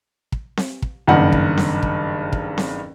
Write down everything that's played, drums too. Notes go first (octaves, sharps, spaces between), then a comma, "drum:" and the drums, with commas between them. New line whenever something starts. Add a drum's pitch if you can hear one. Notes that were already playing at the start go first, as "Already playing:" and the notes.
drum: kick
drum: snare C4
drum: kick
F#1 G2 D#3 F#5
drum: kick
drum: snare C4
drum: kick
drum: kick
drum: snare C4